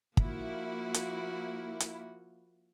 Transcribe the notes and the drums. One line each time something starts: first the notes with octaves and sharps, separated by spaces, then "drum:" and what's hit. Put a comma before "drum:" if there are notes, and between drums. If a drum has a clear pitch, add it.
F3 A#3 E4 F#4, drum: kick
drum: hi-hat
drum: hi-hat